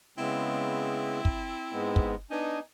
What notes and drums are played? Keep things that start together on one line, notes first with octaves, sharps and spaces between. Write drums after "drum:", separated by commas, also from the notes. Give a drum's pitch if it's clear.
C#3 G#3 B3 C4 E4
drum: kick
G#2 G#3 B3
drum: kick
B3 D4 D#4 G#5